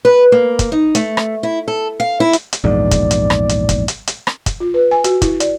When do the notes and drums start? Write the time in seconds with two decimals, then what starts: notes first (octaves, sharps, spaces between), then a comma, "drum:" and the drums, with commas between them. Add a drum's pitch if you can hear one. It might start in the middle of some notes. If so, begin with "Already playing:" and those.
0.05 B4
0.32 A#3
0.59 drum: kick, hi-hat
0.72 D#4
0.95 A3, drum: hi-hat
1.17 drum: rim click
1.43 E4
1.68 A4
2.00 F5
2.20 E4
2.33 drum: hi-hat
2.53 drum: hi-hat
2.64 A#1 E2 G#2 D5
2.91 drum: kick, hi-hat
3.11 drum: hi-hat
3.30 drum: rim click
3.49 drum: hi-hat
3.69 drum: kick, hi-hat
3.88 drum: hi-hat
4.07 drum: hi-hat
4.27 drum: rim click
4.46 drum: kick, hi-hat
4.60 F4
4.74 B4
4.91 G#5
5.04 F#4, drum: hi-hat
5.22 E4, drum: kick, hi-hat
5.40 D5, drum: hi-hat